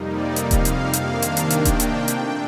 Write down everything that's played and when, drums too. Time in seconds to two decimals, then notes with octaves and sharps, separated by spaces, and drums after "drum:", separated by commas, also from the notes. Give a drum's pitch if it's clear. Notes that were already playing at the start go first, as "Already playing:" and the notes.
Already playing: F2 C3 G3 A#3 D#4
0.08 D5
0.36 F5, drum: hi-hat
0.51 drum: kick D#1, hi-hat
0.65 drum: hi-hat
0.93 C3 D#3 A#3 D4 F5, drum: hi-hat
1.22 drum: hi-hat
1.37 drum: hi-hat
1.50 G5, drum: hi-hat
1.65 drum: kick D#1, hi-hat
1.80 G5, drum: hi-hat
2.08 A#2 A3 D4 G5, drum: hi-hat